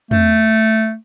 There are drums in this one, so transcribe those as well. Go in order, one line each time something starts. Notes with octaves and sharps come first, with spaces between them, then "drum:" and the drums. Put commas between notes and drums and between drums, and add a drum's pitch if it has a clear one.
A3, drum: tom